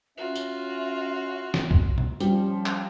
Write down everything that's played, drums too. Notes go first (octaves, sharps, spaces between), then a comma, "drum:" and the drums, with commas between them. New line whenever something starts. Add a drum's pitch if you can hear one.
C#4 F4 F#4 E5
drum: tambourine
drum: snare
drum: kick B1
drum: tom
F3 G3 C#4, drum: tambourine
drum: clap